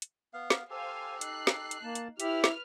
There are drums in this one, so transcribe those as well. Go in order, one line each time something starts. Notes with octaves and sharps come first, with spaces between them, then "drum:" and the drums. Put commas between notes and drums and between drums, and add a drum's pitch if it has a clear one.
drum: hi-hat
B3 F5
drum: snare
G4 A4 C5 F5 G#5
D#4 F#6 C7, drum: hi-hat
drum: snare
drum: hi-hat
A#3 A5
drum: hi-hat
E4 G4 B4 E5 F6, drum: hi-hat
drum: snare